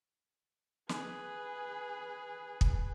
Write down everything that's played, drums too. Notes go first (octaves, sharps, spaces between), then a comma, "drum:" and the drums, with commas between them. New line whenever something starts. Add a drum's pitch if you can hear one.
G#4 B4, drum: snare
drum: kick